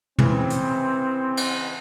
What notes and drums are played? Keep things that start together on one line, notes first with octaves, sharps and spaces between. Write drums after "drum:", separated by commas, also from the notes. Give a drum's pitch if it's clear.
C#3 E3 C4, drum: tom
drum: hi-hat
drum: cymbal